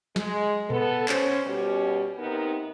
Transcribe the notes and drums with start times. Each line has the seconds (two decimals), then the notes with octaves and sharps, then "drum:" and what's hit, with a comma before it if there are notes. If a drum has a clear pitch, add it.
0.16 G#3, drum: snare
0.70 B3 A4, drum: tom A#2
1.09 C#4 C5, drum: clap
1.45 B2 G3 C#4
2.18 C3 B3 D#4 A#4